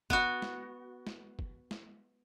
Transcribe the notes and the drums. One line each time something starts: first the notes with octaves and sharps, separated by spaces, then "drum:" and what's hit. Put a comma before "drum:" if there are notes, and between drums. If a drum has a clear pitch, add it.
B3 F#4, drum: kick
drum: snare G#3
drum: snare G#3
drum: kick
drum: snare G#3